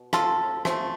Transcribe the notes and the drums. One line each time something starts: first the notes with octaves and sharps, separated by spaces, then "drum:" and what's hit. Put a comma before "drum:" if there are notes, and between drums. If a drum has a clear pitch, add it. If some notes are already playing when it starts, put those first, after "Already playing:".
Already playing: B2
F4 A4, drum: rim click
C3 F3 A3, drum: rim click